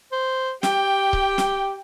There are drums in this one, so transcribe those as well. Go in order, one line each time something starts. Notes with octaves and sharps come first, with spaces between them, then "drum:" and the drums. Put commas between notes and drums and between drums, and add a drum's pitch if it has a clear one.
C5
G4 G5, drum: snare
drum: kick C#1
drum: snare